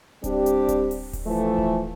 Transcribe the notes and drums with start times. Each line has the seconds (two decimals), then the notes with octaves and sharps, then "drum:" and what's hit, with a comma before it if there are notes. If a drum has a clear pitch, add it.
0.24 G3 C4 D4 G4, drum: kick D1, hi-hat
0.46 drum: hi-hat
0.69 drum: kick D1, hi-hat
0.91 drum: open hi-hat
1.13 drum: kick D1, open hi-hat
1.27 E3 F3 A3
1.58 drum: kick D1